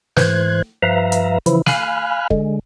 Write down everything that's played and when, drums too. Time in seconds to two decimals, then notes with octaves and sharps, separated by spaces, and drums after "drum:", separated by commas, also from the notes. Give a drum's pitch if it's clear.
0.17 G#2 E3 C5 F#6 G#6, drum: snare
0.83 G2 F3 B4 E5 F5 A#5
1.12 drum: hi-hat
1.46 C#3 E3 F3 E4, drum: hi-hat
1.66 F5 G#5 B5 F6 F#6, drum: snare
2.30 D3 G#3, drum: kick